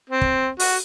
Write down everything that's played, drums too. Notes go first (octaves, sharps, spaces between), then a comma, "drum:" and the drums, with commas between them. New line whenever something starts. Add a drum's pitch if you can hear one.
C4
drum: kick
F#4, drum: open hi-hat